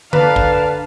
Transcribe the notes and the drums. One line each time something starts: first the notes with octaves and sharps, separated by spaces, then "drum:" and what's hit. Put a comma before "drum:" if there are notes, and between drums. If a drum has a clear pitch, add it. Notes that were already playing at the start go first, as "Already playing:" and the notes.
D3 B4 D5 F5 A5 A#5, drum: tom D3
drum: kick